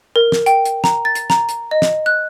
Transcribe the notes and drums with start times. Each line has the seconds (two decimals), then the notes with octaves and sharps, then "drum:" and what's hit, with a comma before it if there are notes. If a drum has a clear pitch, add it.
0.16 A#4
0.32 drum: snare
0.46 G5, drum: hi-hat
0.65 drum: hi-hat
0.84 A#5, drum: snare
1.05 A6
1.15 drum: hi-hat
1.30 A#5, drum: snare
1.49 drum: hi-hat
1.71 D#5
1.82 drum: snare
2.06 F#6